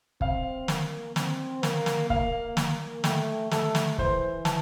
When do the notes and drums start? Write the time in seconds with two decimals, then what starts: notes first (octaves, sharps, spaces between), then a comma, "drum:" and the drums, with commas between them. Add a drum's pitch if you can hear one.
0.21 C4 F5, drum: kick
0.68 A#3, drum: snare
1.16 C4, drum: snare
1.63 A#3, drum: snare
1.86 drum: snare
2.10 A#3 F5, drum: kick
2.57 A#3, drum: snare
3.04 A3 G5, drum: snare
3.51 A3 A4, drum: snare
3.75 drum: snare
3.98 E3 C5, drum: kick
4.45 A5, drum: snare